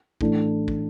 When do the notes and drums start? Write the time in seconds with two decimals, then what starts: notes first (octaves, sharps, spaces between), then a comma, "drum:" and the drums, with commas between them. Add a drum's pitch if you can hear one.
0.21 A1 A2 A3 D4, drum: kick
0.68 drum: kick